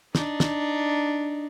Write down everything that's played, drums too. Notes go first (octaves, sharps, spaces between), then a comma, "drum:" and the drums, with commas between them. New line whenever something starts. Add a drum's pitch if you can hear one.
D4 D#4, drum: snare
drum: snare